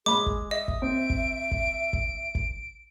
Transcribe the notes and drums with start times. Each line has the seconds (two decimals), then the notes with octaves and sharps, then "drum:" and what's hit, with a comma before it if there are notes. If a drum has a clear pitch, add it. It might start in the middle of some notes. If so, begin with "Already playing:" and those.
0.06 G#3 G#4 B5 D6
0.26 drum: kick
0.51 D#5 E5 D#6
0.68 drum: kick
0.82 C4 D7
1.10 drum: kick
1.51 drum: kick
1.93 drum: kick
2.35 drum: kick